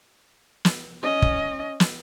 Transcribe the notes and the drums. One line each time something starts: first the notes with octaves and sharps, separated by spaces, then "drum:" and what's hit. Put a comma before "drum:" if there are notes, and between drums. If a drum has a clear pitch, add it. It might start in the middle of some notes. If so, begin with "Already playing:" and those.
drum: snare
C#4 D#5
drum: kick
drum: snare